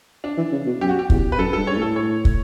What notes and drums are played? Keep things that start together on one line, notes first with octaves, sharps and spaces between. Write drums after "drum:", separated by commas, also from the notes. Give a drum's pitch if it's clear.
D4
E3
C#3
B2
F#2 G4
F#4
G4
E2, drum: kick
B4
F#2 A4
G2 A4
G2 C#5
A2 A4
C#5
drum: kick